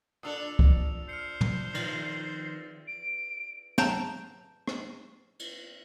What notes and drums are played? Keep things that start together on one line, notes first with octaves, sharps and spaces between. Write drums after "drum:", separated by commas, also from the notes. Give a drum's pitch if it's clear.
A#2 D4 A4 D#6 E6 F7
drum: kick C2
C5 F6 C#7
drum: tom
D#3 F3 F6 A6 A#6, drum: cymbal
D7
A5 A#5 G6 D7, drum: snare
drum: rim click
drum: cymbal